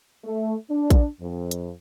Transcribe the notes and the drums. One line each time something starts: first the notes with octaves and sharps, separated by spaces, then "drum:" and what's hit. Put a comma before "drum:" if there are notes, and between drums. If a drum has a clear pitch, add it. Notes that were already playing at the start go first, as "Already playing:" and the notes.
A3
D4
drum: kick, hi-hat
F2
drum: hi-hat